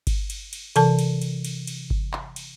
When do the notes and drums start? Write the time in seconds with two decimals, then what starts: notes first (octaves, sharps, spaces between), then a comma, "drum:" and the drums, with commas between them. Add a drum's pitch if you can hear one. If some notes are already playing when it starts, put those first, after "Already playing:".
0.07 drum: kick G1, cymbal
0.30 drum: cymbal
0.53 drum: cymbal
0.76 C3 E3 A4 A5, drum: cymbal
0.99 drum: cymbal
1.22 drum: cymbal
1.44 drum: cymbal
1.67 drum: cymbal
1.90 drum: kick G1
2.13 drum: clap
2.36 drum: cymbal